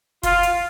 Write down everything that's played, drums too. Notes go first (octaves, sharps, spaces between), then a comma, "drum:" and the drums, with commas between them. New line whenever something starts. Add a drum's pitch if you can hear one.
F4, drum: kick F#1, hi-hat
drum: hi-hat